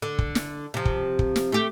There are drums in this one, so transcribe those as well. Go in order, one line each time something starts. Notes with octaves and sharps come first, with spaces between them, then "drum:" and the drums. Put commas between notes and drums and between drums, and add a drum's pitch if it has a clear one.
D3
drum: kick
drum: snare
C3 F3
drum: kick
drum: kick
drum: snare
A3 G4